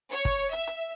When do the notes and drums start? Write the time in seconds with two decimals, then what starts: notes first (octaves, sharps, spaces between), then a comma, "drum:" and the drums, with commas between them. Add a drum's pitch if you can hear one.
0.11 C#5
0.25 drum: kick, hi-hat
0.53 E5, drum: hi-hat
0.67 drum: hi-hat